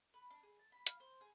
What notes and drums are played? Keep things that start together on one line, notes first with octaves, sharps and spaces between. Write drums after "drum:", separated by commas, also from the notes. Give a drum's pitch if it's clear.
B4
D4
G#4
A5
B5
F5, drum: hi-hat
C5
G#4